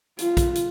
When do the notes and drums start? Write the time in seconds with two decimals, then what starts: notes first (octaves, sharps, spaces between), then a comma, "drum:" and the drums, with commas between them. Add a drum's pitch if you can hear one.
0.19 F4, drum: hi-hat
0.37 drum: kick, hi-hat
0.55 drum: hi-hat